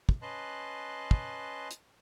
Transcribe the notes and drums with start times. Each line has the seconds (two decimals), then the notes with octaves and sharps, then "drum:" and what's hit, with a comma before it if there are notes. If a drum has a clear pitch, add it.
0.09 drum: kick
0.22 C#4 B4 D#5 A5 C6 F#6
1.11 drum: kick
1.71 drum: hi-hat